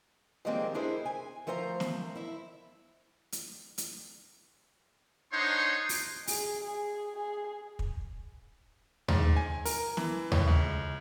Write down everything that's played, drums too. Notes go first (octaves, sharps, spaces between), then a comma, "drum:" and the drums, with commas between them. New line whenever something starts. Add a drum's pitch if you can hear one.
D#3 F3 G3 G#3 A#3 C4
D4 E4 G#4 A#4 C5
G#5
F3 A3 A#4 C5 G5 A#5
drum: snare
E4 E5
drum: hi-hat
drum: hi-hat
D4 D#4 C5 C#5 F#5 C6
drum: open hi-hat
G#4, drum: open hi-hat
G#4
G#4
drum: kick
G#2, drum: tom D#2
G#5
A#4, drum: open hi-hat
E3, drum: snare
A2, drum: tom D#2
C#2